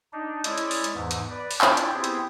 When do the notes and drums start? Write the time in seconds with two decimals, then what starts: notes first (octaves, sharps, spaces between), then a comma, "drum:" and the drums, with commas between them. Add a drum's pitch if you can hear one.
0.13 D4 D#4
0.44 G#3 C#4 E4 D5, drum: hi-hat
0.58 drum: hi-hat
0.71 drum: open hi-hat
0.84 drum: hi-hat
0.94 E2 G#2 E3
1.11 drum: hi-hat
1.31 B4 D5
1.51 drum: open hi-hat
1.61 C#4 D4 E4 F4 D5 G5, drum: clap
1.77 drum: hi-hat
1.94 B3 C4 E4 G4 G#4
2.04 drum: hi-hat